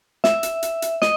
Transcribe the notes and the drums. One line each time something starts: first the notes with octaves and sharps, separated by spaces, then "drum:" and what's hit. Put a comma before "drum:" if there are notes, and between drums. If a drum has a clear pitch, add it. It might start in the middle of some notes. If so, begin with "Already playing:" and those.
E5, drum: snare
drum: hi-hat
drum: hi-hat
drum: hi-hat
D#5, drum: snare